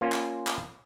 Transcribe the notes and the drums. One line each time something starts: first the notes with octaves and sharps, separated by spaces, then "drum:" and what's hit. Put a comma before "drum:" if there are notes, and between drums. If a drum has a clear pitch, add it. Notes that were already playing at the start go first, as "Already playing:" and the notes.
A#3 C#4 F4 C5
drum: clap
drum: clap